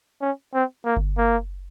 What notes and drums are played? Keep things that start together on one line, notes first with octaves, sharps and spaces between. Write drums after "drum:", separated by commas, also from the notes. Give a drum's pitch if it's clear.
C#4
C4
A#3
drum: kick G1
A#3